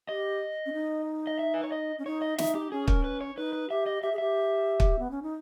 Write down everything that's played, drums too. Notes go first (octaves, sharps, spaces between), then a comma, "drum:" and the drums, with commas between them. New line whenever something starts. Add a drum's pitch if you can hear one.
G4 D#5
C#4
D#4
D#5
E5
B4
C#5
D#5
C#4
D#4 C#5
D#5
D#4 E5, drum: snare
G4
C#4 G#4
A#4, drum: kick
B4
C#5
D#4 B4
B4
G4 E5
D#5
G4 E5
G#4
G4 E5
drum: kick
B3
C#4
D#4